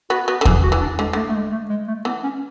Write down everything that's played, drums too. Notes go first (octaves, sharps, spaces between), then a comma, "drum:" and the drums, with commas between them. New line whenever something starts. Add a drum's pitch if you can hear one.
B3 F#4
B3 F#4
D3
E3 G#4, drum: kick E2
F#4
E3
D4
D3 G#3
D3 A3
A3
G#3
A3
G#3
A3
E3 B3
C#4